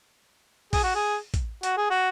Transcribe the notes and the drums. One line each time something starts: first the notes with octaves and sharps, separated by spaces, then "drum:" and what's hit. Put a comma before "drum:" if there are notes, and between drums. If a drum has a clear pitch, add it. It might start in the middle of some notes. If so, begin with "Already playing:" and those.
G#4, drum: kick, open hi-hat
F#4
G#4
drum: kick, hi-hat
F#4, drum: hi-hat
G#4
F#4